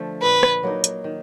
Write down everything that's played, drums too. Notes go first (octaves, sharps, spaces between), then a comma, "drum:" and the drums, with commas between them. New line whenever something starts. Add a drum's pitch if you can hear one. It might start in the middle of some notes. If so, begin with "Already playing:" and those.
Already playing: D3 F3 A3
A#2 B4
drum: rim click
F#3 A#3 D#4
drum: hi-hat
D#3